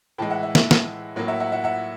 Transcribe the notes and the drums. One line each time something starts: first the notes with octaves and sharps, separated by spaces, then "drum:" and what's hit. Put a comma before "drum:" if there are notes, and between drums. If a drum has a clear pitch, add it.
A2 E3 G#3 G5 A5
E5 F#5
E5
E5, drum: snare
drum: snare
A2 F#3 A#3
E5 F#5
E5 F#5
E5 F#5
E5 F#5